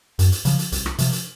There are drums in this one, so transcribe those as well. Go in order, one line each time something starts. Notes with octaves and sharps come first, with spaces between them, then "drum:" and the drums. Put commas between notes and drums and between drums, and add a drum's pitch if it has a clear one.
F#2, drum: hi-hat
drum: hi-hat
C#3 F3, drum: hi-hat
drum: hi-hat
C2, drum: hi-hat
drum: rim click
C3 F3, drum: hi-hat
drum: hi-hat